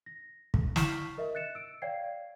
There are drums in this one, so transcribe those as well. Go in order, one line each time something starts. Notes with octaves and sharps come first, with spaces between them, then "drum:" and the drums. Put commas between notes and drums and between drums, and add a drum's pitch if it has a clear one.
A#6
drum: kick
E4 C#6 F6 B6 C7 E7, drum: snare
A#4 D#5 E5
F#6 A6 C#7 E7
E6 D7
C#5 D5 F5 G5 G#6 C7